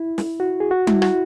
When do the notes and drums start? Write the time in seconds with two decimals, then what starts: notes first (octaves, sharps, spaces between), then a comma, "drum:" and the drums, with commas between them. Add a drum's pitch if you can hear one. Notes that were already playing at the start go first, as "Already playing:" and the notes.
Already playing: E4
0.18 drum: snare
0.40 F#4
0.60 G#4
0.71 F#4
0.87 E4, drum: tom G3
1.02 F#4, drum: rim click